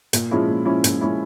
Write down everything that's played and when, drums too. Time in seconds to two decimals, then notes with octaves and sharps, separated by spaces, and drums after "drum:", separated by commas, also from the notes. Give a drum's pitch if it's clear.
0.13 A#2, drum: hi-hat
0.31 F3 G#3 C#4 E4
0.48 A#2
0.65 F3 G#3 C#4 E4
0.84 A#2, drum: hi-hat
1.01 F3 G#3 C#4 E4